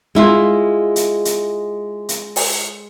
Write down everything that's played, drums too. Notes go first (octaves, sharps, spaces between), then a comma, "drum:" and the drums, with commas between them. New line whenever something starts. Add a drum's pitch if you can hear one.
G#3 E4 F4
drum: hi-hat
drum: hi-hat
drum: hi-hat
drum: open hi-hat